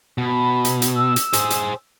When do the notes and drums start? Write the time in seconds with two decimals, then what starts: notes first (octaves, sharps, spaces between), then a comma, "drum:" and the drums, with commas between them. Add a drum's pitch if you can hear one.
0.18 B2 B5
0.65 drum: hi-hat
0.82 drum: hi-hat
0.95 E6
1.16 drum: hi-hat
1.33 G#4 C5, drum: hi-hat
1.50 drum: hi-hat